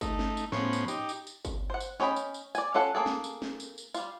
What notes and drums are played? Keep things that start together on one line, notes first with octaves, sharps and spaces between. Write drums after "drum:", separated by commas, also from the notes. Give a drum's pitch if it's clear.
A3 D#4, drum: kick G1, tambourine
drum: snare
drum: tambourine
A2 F3 B3 C#4 C5 C#5, drum: snare
drum: tambourine
D#4 G4, drum: tambourine
drum: tambourine
drum: tambourine
drum: kick G1, tambourine
C5 F#5
drum: tambourine
C#4 C#5 D#5 G5 B5, drum: snare
drum: tambourine
drum: tambourine
D5 G#5, drum: tambourine
C#4 F4 A4 F#5
A#3 C4 G#4 A4
drum: snare
drum: tambourine
drum: snare
drum: tambourine
drum: tambourine
G3 F4, drum: tambourine